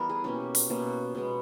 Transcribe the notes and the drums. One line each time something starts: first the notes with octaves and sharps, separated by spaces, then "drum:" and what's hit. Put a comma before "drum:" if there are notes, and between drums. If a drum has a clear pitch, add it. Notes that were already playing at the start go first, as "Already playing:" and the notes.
Already playing: E3 G3 B3 E4 A#4
G#4
B2 A#3 C#4 G4
drum: open hi-hat
B2 A#3 C#4
B2 G#3 B3